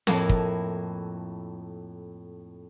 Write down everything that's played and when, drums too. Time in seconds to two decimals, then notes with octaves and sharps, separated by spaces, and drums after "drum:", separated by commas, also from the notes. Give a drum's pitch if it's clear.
0.07 F2 A2 A#3 E4 A5, drum: snare C4
0.29 drum: kick